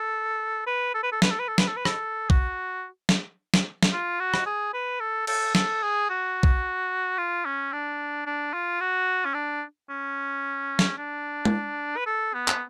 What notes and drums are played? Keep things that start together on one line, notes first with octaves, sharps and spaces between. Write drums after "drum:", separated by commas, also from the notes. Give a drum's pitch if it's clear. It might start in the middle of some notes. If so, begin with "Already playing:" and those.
Already playing: A4
B4
A4
B4
A4
B4, drum: snare
A4
B4
A4
B4, drum: snare
A4
B4
A4, drum: rim click
F#4, drum: kick
drum: snare
drum: snare
drum: snare
F4
F#4
drum: rim click
G#4
B4
A4
A4, drum: cymbal
A4, drum: snare
G#4
F#4
drum: kick
F4
C#4
D4
D4
F4
F#4
C#4
D4
C#4
drum: snare
D4
drum: tom G#3
B4
A4
B3
drum: clap